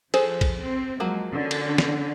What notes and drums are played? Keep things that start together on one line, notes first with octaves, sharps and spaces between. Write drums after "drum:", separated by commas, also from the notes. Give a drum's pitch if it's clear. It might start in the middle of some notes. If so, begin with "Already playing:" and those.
F3 G#4 A4 C5, drum: cymbal
drum: kick, cymbal
C4
F3 F#3 G#3 A#3
D3 C#4
drum: cymbal
drum: snare